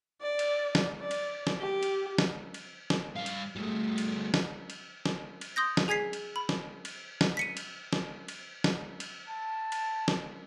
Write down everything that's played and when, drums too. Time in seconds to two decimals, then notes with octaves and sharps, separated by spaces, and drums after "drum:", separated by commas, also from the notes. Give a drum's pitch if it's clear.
0.21 D5
0.39 drum: cymbal
0.75 drum: snare
1.00 D5
1.11 drum: cymbal
1.47 drum: snare
1.60 G4
1.83 drum: cymbal
2.18 drum: snare
2.54 drum: cymbal
2.90 drum: snare
3.17 G3 F5
3.26 drum: cymbal
3.56 G3 A3
3.98 drum: cymbal
4.34 drum: snare
4.70 drum: cymbal
5.06 drum: snare
5.41 drum: cymbal
5.56 C6 D#6 G6 A#6
5.77 drum: snare
5.88 G#4 G#5 G#6 B6 C7
6.13 drum: cymbal
6.36 B5
6.49 drum: snare
6.85 drum: cymbal
7.21 drum: snare
7.37 B6 C#7 D#7
7.57 drum: cymbal
7.93 drum: snare
8.28 drum: cymbal
8.64 drum: snare
9.00 drum: cymbal
9.28 A5
9.72 drum: cymbal
10.08 drum: snare